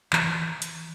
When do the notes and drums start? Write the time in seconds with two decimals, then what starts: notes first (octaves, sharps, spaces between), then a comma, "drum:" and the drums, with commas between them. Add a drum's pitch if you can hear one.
0.13 E3, drum: clap
0.62 drum: hi-hat